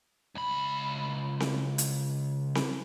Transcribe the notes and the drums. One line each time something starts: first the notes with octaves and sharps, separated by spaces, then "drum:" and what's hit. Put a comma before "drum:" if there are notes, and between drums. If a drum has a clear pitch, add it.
C#2 B5
drum: snare C4
drum: hi-hat
drum: snare C4